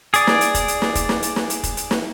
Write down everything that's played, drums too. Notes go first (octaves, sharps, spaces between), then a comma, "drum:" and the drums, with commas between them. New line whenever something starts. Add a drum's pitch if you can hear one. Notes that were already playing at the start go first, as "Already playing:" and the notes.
G#4 D5, drum: hi-hat
drum: snare
drum: hi-hat
drum: kick F1, hi-hat
drum: hi-hat
drum: snare
drum: kick F1, hi-hat
drum: snare
drum: hi-hat
drum: snare
drum: hi-hat
drum: kick F1, hi-hat
drum: hi-hat
drum: snare